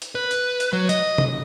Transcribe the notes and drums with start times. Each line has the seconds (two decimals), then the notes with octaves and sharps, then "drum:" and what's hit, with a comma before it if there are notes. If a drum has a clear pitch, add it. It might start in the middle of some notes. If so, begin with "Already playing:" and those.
0.02 drum: hi-hat
0.15 B4
0.31 drum: hi-hat
0.60 drum: hi-hat
0.73 F#3
0.89 D#5, drum: hi-hat
1.18 drum: tom C3